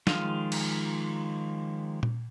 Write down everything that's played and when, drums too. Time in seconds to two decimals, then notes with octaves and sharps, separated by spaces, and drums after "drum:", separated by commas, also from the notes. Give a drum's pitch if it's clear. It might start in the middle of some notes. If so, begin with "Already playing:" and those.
0.07 D#3 F3 G#3 F4 F5, drum: snare
0.52 drum: cymbal
2.03 drum: tom A#2